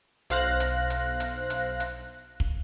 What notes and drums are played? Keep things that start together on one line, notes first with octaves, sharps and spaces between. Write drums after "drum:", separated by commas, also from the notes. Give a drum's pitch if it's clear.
B1 C5 F5 F#6 A#6, drum: hi-hat
drum: hi-hat
drum: hi-hat
drum: hi-hat
drum: hi-hat
drum: hi-hat
drum: kick